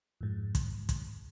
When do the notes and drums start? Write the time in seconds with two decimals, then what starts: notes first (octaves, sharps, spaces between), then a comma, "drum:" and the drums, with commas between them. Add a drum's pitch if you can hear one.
0.21 F2 G#2
0.55 drum: kick, hi-hat
0.89 drum: kick, hi-hat